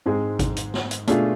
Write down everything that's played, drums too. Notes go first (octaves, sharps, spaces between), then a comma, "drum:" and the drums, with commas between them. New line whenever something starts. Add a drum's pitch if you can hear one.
G#2 G#3 C4 G#4
drum: kick G#1, hi-hat
drum: hi-hat
drum: snare
drum: hi-hat
B2 A3 D4 F4 G#4, drum: hi-hat